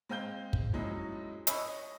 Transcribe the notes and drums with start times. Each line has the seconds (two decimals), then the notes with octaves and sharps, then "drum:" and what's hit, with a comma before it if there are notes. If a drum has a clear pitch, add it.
0.09 G#3 C4 F5 G6 G7
0.53 drum: kick
0.73 F3 F#3 G#3 C#4 D#4 E4
1.47 C#5 D#5 B5 C#6 E6, drum: hi-hat